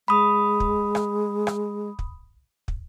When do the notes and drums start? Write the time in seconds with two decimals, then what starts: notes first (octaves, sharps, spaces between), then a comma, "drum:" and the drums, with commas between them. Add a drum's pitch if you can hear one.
0.08 G#3 B5 D#6
0.60 drum: kick
0.95 drum: rim click
1.47 drum: rim click
1.99 drum: kick
2.68 drum: kick